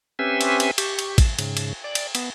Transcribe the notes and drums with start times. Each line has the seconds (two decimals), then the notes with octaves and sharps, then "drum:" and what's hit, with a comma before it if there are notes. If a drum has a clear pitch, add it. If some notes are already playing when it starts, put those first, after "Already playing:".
0.19 C4 C#4 G4 B4 E5 G#5
0.41 drum: cymbal
0.60 drum: cymbal
0.78 G4 C#6, drum: cymbal
0.99 drum: cymbal
1.18 drum: kick, cymbal
1.39 G#2 C#3, drum: cymbal
1.57 drum: cymbal
1.84 D5
1.95 drum: cymbal
2.15 B3, drum: cymbal